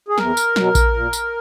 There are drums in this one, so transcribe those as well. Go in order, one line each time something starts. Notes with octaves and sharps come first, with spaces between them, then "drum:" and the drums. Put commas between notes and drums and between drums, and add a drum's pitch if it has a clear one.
G#4
E2 A#4, drum: snare
drum: tambourine
B2 F#3, drum: snare
drum: kick A#1, tambourine
A#2
drum: tambourine